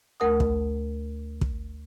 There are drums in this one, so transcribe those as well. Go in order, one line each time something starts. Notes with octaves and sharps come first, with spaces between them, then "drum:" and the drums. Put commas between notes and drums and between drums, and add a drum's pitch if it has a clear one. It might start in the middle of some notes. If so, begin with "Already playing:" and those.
D2 A3 A#4 F#5 D#6
drum: kick
drum: kick